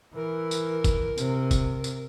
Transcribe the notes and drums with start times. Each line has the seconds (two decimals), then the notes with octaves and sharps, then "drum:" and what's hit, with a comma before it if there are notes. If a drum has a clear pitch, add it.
0.15 E3 A#4
0.51 drum: tambourine
0.84 drum: kick, tambourine
1.18 C3, drum: tambourine
1.51 drum: kick, tambourine
1.84 drum: tambourine